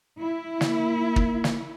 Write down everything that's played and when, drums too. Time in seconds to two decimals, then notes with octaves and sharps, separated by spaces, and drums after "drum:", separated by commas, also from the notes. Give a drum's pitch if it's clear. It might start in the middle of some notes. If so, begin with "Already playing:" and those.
0.22 E4
0.61 A#3, drum: snare
1.16 drum: kick
1.44 drum: snare